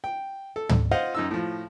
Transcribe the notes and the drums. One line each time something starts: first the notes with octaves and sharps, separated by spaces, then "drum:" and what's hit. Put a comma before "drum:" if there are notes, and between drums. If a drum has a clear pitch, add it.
G5
A4
drum: tom
F4 C5 D#5 F5 F#5
F#2 D#4 E6
A2 F3